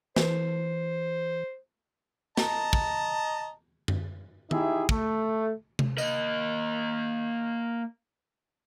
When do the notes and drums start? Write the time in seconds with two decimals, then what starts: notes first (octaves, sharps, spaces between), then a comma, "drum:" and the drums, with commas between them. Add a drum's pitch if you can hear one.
0.16 E3 C5, drum: snare
2.37 D#5 A5 A#5, drum: snare
2.73 drum: kick
3.88 drum: tom F#2
4.51 D#4 E4 G4 G#4 E5, drum: tom D#3
4.89 A3, drum: kick
5.79 drum: tom C3
5.98 A#3 D#5, drum: tambourine